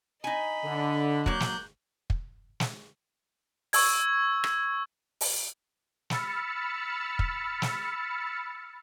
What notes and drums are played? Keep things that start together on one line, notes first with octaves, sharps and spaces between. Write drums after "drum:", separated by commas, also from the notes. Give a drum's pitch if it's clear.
D#4 D#5 G#5 B5
D3
F#3 A#3 F#6 G6, drum: kick
drum: snare
drum: kick
drum: snare
C#6 E6 G#6, drum: open hi-hat
drum: rim click
drum: open hi-hat
B5 E6 F6 A6 C#7, drum: snare
drum: kick
drum: snare